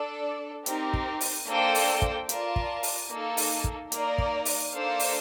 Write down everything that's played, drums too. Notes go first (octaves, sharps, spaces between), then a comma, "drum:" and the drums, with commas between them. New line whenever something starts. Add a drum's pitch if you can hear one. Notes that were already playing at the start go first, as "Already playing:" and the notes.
Already playing: D4 A4 D5
C4 D#4 G4 A#4, drum: hi-hat
drum: kick
drum: open hi-hat
A#3 D4 A4 C5 G5
drum: open hi-hat
drum: kick
F4 A#4 D5 A5, drum: hi-hat
drum: kick
drum: open hi-hat
A#3 D#4 A4
drum: open hi-hat
drum: kick
A#3 D#4 A#4 D5, drum: hi-hat
drum: kick
drum: open hi-hat
A#3 D4 A4 C5 F5
drum: open hi-hat